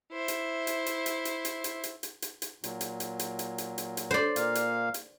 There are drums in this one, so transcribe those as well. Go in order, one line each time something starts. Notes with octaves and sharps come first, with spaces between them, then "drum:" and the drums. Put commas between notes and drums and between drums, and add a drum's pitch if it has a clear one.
E4 C5
drum: hi-hat
drum: hi-hat
drum: hi-hat
drum: hi-hat
drum: hi-hat
drum: hi-hat
drum: hi-hat
drum: hi-hat
drum: hi-hat
drum: hi-hat
drum: hi-hat
A#2 F#3, drum: hi-hat
drum: hi-hat
drum: hi-hat
drum: hi-hat
drum: hi-hat
drum: hi-hat
drum: hi-hat
drum: hi-hat
C5 D5
A#2 A#3 F5, drum: hi-hat
drum: hi-hat
drum: hi-hat